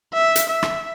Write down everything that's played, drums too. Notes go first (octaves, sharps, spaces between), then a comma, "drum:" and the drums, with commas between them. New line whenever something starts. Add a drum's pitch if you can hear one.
E5
drum: hi-hat
E5
drum: rim click